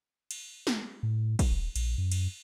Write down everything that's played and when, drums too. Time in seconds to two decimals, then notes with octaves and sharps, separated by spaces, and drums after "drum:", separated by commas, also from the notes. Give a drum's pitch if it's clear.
0.31 drum: cymbal
0.67 drum: snare
1.03 A2
1.39 drum: kick A1, cymbal
1.50 D#1
1.76 A#1, drum: cymbal
1.98 F#2
2.12 drum: cymbal